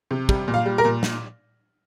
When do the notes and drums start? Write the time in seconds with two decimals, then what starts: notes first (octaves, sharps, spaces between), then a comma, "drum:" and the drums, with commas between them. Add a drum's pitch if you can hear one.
0.11 C3
0.29 G3, drum: kick
0.48 A#2
0.54 F5
0.66 G3
0.78 A#4
0.85 A#2
1.03 drum: snare